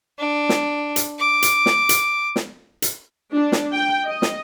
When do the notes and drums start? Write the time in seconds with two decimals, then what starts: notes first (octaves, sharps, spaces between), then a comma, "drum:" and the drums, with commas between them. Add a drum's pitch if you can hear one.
0.19 D4
0.49 drum: snare
0.96 drum: hi-hat
1.19 D6
1.42 drum: hi-hat
1.66 drum: snare
1.89 drum: hi-hat
2.36 drum: snare
2.82 drum: hi-hat
3.32 D4
3.52 drum: snare
3.72 G5
4.06 D#5
4.22 drum: snare